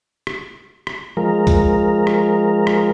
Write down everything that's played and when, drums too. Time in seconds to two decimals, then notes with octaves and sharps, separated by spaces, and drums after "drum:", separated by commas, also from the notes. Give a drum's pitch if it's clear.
0.27 drum: rim click
0.87 drum: rim click
1.17 F3 G#3 A#4
1.47 drum: kick, hi-hat
2.07 drum: rim click
2.67 drum: rim click